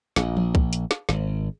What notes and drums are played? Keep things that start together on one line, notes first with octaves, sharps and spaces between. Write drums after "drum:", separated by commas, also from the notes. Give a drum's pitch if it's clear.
A#1, drum: snare
drum: tom
drum: kick
drum: hi-hat
drum: snare
G#1, drum: snare